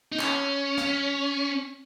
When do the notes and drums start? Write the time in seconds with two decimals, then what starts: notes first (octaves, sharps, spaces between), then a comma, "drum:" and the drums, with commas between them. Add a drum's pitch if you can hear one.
0.12 D#4
0.20 C#4, drum: clap
0.77 drum: snare